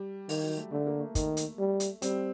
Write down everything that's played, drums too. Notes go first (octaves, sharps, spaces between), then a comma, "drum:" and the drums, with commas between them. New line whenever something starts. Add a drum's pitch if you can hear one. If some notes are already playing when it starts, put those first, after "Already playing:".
Already playing: G3
D#3, drum: open hi-hat
F#3
A3
D3 A3
A#3
A3
D#3, drum: kick, hi-hat
drum: hi-hat
G3
drum: hi-hat
G3 C4, drum: hi-hat